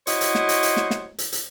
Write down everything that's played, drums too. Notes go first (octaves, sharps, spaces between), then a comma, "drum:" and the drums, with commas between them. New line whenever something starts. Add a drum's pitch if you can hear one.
E4 F#4 C5 C#5 D#5, drum: hi-hat
drum: hi-hat
drum: snare
drum: hi-hat
drum: hi-hat
drum: snare
drum: snare
drum: hi-hat
drum: hi-hat